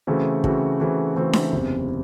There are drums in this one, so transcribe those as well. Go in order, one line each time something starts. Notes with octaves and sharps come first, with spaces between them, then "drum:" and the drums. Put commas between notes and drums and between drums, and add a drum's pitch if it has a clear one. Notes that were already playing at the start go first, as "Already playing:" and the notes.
C#3 E3 A3 C4 F#4
C#3 E3 A3 C4 F#4, drum: kick
C#3 E3 A3 C4 F#4
C#3 E3 A3 C4 F#4
drum: snare D4
F#1 E2 C3